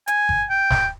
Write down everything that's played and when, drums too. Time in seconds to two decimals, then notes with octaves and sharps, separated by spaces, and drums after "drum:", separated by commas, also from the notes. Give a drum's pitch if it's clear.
0.08 G#5, drum: hi-hat
0.29 drum: kick G1
0.50 G5
0.70 drum: snare